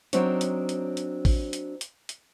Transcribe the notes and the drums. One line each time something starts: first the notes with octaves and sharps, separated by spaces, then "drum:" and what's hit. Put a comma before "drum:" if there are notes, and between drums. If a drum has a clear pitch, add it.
F#3 C4 D4 D#4 C5 C#5, drum: hi-hat
drum: hi-hat
drum: hi-hat
drum: hi-hat
drum: kick A1, open hi-hat
drum: hi-hat
drum: hi-hat
drum: hi-hat